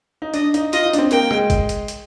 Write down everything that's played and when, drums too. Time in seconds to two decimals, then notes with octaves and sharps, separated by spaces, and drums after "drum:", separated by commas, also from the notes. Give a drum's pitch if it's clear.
0.22 D#4
0.34 D4 D#5, drum: hi-hat
0.54 D#4, drum: hi-hat
0.73 F4 D#5, drum: hi-hat
0.86 D#4
0.93 D4, drum: hi-hat
0.99 C4
1.11 A#3 G5, drum: hi-hat
1.31 G#3, drum: rim click
1.50 drum: kick, hi-hat
1.69 drum: hi-hat
1.88 drum: hi-hat